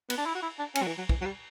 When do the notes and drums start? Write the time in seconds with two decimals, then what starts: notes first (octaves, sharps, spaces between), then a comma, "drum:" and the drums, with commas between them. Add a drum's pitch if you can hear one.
0.10 B3, drum: cymbal
0.18 D4
0.26 E4
0.35 F#4
0.43 E4
0.59 D4
0.75 C#4, drum: cymbal
0.83 F#3
0.87 E3
0.98 F#3
1.09 E3, drum: kick
1.21 F#3
1.26 G3